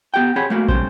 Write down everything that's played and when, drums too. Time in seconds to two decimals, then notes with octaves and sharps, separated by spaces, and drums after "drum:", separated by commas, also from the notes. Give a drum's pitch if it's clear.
0.14 B3 G4 F#5 G5
0.36 C4 G#4 C#5 F#5 B5
0.50 A3 A#3 F#4
0.68 B1 C#3 G3 C5, drum: kick